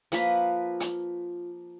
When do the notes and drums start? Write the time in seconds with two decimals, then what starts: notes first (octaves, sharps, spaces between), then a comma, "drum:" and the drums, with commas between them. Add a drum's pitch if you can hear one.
0.12 F3 A#3 F4 B4, drum: hi-hat
0.80 drum: hi-hat